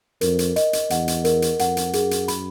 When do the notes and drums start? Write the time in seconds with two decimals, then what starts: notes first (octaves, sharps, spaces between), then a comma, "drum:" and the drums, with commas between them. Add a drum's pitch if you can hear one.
0.21 F2 A#4, drum: hi-hat
0.39 drum: hi-hat
0.56 D#5, drum: hi-hat
0.73 drum: hi-hat
0.90 E2 F#5, drum: hi-hat
1.08 drum: hi-hat
1.25 A#4, drum: hi-hat
1.42 drum: hi-hat
1.59 F2 F#5, drum: hi-hat
1.77 drum: hi-hat
1.93 F#2 G#4, drum: hi-hat
2.11 drum: hi-hat
2.28 B5, drum: hi-hat